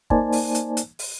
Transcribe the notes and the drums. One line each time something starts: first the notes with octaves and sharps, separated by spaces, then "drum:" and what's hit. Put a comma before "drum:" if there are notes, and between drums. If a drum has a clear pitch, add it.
A#3 D#4 C5 D5 G#5 A5, drum: kick
drum: open hi-hat
drum: hi-hat
drum: hi-hat
drum: open hi-hat